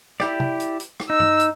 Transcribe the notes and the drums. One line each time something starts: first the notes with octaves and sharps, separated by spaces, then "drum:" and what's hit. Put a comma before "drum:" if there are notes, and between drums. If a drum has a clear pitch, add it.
E4 G4 D5, drum: rim click
drum: tom C3
drum: hi-hat
drum: hi-hat
drum: rim click
D#4 E6
drum: tom G2
drum: hi-hat